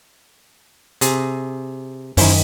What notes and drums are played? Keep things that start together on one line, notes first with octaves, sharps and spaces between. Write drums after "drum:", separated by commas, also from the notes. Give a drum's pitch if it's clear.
C3 G#4, drum: hi-hat
F#2 D#3 C#4 E4 C5, drum: open hi-hat